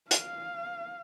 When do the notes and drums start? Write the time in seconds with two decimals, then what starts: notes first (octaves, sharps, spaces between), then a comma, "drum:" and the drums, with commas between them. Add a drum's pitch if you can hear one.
0.11 F5, drum: hi-hat